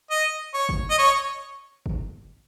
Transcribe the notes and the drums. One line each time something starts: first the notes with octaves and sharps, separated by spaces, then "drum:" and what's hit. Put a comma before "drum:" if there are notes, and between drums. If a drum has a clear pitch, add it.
D#5
C#5
drum: kick F#1
D#5
C#5
drum: kick F#1